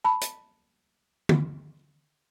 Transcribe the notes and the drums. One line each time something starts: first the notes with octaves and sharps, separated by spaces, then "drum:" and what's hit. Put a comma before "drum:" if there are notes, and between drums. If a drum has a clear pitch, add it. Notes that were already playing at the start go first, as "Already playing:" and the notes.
A5 B5
drum: hi-hat
drum: tom D3